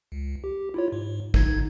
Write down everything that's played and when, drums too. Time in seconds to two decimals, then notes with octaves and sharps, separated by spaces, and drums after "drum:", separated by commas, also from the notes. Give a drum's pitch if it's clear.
0.12 C#2
0.44 G4
0.74 E4 F4 C#5
0.92 G#2
1.34 D3 D#4 G#6, drum: kick A1